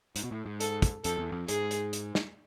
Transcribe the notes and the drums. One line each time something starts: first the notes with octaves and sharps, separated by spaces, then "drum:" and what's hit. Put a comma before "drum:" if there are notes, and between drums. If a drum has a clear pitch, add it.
G#2, drum: hi-hat
B2
A2
G#2
A4, drum: hi-hat
drum: kick, hi-hat
F2 A4, drum: hi-hat
E2
F2
G#2 G#4, drum: hi-hat
drum: hi-hat
drum: hi-hat
drum: snare